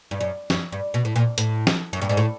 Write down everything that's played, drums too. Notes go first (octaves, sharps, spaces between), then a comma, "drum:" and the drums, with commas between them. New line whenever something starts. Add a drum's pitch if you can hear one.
G2
F#2
F#2, drum: snare
G2
B2
A2
A#2
A2, drum: hi-hat
drum: snare
F#2
G2
G#2
A2